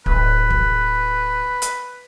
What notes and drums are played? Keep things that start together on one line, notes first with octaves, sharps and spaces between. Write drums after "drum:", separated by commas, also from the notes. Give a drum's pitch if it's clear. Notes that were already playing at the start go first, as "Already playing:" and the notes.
D1 B4, drum: kick
drum: kick
drum: hi-hat